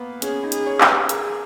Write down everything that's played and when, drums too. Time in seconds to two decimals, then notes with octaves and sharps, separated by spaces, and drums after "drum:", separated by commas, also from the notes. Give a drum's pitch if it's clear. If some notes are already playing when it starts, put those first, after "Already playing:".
Already playing: A#3 B3
0.22 C#4 G#4, drum: hi-hat
0.44 D#4
0.52 G#4, drum: hi-hat
0.67 C#5
0.81 G4, drum: clap
0.88 B4
1.09 G#4 A#4, drum: hi-hat